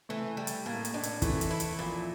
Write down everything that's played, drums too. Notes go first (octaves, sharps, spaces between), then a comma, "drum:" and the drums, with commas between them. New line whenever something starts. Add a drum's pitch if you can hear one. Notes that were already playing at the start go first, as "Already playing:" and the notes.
E3 A3
G3
drum: hi-hat
A2 A#3
drum: hi-hat
A2 D4
drum: hi-hat
E3 A3, drum: kick, hi-hat
drum: hi-hat
E4
drum: hi-hat
A#2 F3